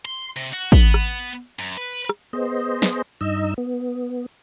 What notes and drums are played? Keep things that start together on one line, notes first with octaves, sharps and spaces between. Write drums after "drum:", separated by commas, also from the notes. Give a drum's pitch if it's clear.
C6
C3
F#4
B3, drum: kick
drum: rim click
F#2
B4
drum: rim click
B3 G#4 C5 D#5
drum: snare
G2 D#4 D#5 E6
B3